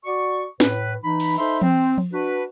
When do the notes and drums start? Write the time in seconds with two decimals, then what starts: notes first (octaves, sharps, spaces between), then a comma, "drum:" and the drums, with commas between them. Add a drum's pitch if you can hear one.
0.05 F#4 D5 C#6
0.60 A2 B4, drum: snare
1.03 E3 D#4 B5
1.20 drum: cymbal
1.37 D#4 A4 C5 E5 B5 C6
1.62 C4, drum: tom E3
1.98 drum: tom F3
2.12 D4 F#4 B4